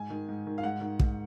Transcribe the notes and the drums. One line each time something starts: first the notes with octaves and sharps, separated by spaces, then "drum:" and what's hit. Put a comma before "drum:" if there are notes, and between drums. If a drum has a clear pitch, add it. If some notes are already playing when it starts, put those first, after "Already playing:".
Already playing: G#2 G#5
D#3
G#2
D#3
F5
G#2 F#5
D#3
G#2, drum: kick